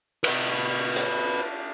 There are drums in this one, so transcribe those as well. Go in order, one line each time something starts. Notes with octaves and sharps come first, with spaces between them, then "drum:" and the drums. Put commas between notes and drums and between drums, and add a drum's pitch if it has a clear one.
B4 D#5, drum: cymbal
drum: hi-hat